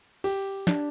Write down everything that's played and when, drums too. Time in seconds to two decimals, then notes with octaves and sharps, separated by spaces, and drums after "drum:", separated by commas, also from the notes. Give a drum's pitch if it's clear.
0.24 G4, drum: cymbal
0.67 D4, drum: snare